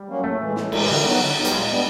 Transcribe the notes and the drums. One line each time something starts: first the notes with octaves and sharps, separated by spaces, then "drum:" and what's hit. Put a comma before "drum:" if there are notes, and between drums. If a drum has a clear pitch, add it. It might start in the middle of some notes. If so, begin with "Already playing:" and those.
Already playing: G3
F#3 A#3 C#4
A2 A3
E3 G#3
A2, drum: snare
E3 G#3, drum: cymbal
D3 G3
F#3 B3 D#4
D3
F#3 B3 D#4
G3, drum: hi-hat
A#2 G#3
G3 B3 D4